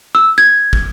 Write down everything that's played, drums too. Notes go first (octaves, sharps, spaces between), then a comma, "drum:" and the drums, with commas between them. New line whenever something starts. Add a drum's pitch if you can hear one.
E6
G#6
drum: kick